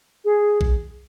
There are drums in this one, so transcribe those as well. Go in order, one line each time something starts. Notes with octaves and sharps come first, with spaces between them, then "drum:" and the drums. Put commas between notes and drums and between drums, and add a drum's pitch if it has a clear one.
G#4
drum: kick A#1